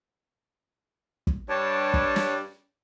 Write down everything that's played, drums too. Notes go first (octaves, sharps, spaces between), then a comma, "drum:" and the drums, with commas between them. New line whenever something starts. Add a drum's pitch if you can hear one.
drum: kick
G2 C#5 D5 A5
drum: kick
drum: snare